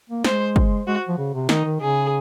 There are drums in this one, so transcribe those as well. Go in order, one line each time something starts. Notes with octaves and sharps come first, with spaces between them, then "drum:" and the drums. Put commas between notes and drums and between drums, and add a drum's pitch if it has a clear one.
A#3
G#3 C5, drum: snare
drum: kick
G#3 F#4
F3
C#3
C3
D#3 D#4, drum: snare
D#3
C#3 G#4